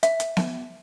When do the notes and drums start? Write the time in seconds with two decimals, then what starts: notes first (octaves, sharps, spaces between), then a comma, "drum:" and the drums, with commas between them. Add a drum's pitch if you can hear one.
0.03 E5, drum: hi-hat
0.20 drum: hi-hat
0.37 drum: snare B3